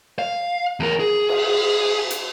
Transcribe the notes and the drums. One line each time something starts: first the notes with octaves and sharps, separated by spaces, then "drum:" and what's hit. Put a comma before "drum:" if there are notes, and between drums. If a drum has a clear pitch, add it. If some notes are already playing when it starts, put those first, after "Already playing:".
F5
E2 A#4
G#4
drum: cymbal
drum: hi-hat